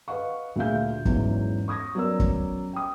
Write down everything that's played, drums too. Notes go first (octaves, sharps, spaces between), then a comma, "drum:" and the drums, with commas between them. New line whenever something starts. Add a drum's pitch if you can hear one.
B4 D#5 F5 F#5 C#6
D2 A#2 G#4 E5 F5 G6
E2 G#2 E3 F#3 C#4, drum: kick
C#6 D#6 G#6 A#6
F#3 B3 C#4 A#4 D5 E6
drum: kick
G5 D#6